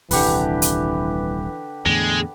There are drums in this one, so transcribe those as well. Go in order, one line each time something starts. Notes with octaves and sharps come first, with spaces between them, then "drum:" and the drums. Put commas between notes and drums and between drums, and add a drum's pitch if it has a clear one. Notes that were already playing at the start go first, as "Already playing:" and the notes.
D#1 C2 D3 E3 G3 G4 B4, drum: open hi-hat
drum: hi-hat
E2 A2 D3 G#3